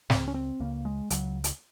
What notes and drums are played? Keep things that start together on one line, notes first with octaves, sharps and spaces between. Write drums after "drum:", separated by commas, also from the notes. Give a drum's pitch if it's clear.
C#2 C#3 C4, drum: snare
C#4
C4
C#2 C#3 A#3
G#3
C#2 C#3 F#3, drum: hi-hat
drum: hi-hat